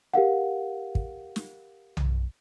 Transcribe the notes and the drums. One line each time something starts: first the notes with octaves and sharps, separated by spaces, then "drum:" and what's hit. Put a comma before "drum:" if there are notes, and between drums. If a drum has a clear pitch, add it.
G4 A#4 F5 F#5
drum: kick
drum: snare
drum: tom B1